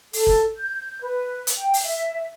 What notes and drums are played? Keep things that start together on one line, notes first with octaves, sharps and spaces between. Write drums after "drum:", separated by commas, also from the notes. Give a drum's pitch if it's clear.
A4, drum: open hi-hat
drum: kick
G6
B4
drum: hi-hat
G5
drum: open hi-hat
E5